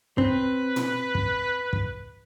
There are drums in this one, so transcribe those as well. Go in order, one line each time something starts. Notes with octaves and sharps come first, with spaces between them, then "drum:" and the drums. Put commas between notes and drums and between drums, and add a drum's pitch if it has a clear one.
C4 B4, drum: kick
drum: tom
drum: kick
drum: kick